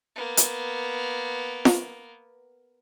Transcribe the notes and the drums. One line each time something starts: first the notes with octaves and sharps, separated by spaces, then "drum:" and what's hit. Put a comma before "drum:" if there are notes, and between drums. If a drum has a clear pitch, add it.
A#3 B3
drum: hi-hat
drum: snare